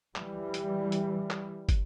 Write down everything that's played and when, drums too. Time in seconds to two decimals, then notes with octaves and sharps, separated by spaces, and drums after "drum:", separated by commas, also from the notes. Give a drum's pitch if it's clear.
0.16 E3 G3, drum: clap
0.54 drum: hi-hat
0.92 drum: hi-hat
1.30 drum: clap
1.69 drum: kick, hi-hat